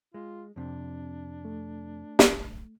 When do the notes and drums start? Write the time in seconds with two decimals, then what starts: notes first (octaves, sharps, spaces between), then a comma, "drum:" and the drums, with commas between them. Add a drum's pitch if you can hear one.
0.14 G#3 F4
0.56 F2 C3 D4
1.45 A3
2.19 drum: snare